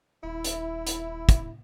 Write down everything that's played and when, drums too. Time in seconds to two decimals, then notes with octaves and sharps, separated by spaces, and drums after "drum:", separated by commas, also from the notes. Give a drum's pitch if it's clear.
0.23 D#1 E4
0.44 drum: hi-hat
0.87 drum: hi-hat
1.29 drum: kick, hi-hat